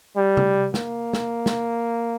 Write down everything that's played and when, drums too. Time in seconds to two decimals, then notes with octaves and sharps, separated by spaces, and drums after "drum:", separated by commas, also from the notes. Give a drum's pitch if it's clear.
0.16 G3
0.37 drum: tom C3
0.74 A#3, drum: snare
1.13 drum: snare
1.46 drum: snare